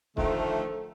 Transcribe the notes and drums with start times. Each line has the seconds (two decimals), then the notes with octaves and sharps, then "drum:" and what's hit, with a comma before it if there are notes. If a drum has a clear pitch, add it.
0.17 D3 D#3 F3 A3, drum: kick